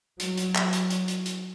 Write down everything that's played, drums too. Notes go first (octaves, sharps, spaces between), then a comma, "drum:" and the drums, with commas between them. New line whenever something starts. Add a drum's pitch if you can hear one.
F#3, drum: hi-hat
drum: hi-hat
drum: clap
drum: hi-hat
drum: hi-hat
drum: hi-hat
drum: hi-hat